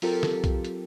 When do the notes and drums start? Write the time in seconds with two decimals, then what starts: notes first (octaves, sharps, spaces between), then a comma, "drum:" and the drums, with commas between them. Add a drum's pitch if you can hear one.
0.02 F#3 C4 F4 G4 A4 A#4, drum: open hi-hat
0.23 drum: snare
0.44 drum: kick B1, hi-hat
0.65 drum: hi-hat